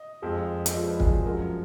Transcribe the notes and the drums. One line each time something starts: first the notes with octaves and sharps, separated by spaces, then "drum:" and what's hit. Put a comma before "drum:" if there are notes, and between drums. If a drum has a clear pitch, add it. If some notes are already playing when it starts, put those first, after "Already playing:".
Already playing: D#5
F2 F3 G#3
D#5, drum: hi-hat
F2 F3 G#3 D5
B4
G#4, drum: kick
F#4
F#2 F3 G#3 A#4